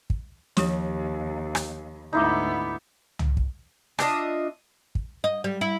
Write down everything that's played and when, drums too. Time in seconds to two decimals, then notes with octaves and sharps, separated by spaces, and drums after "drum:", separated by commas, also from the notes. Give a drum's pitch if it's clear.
0.10 drum: kick
0.57 D#2 F3 G4 C#5, drum: snare
1.55 drum: rim click
2.13 D2 G#2 B3 D#4 E4 D6
3.19 drum: tom
3.37 drum: kick
3.99 D4 F4 D#5 E5, drum: rim click
4.95 drum: kick
5.24 D#5
5.44 G3
5.61 E4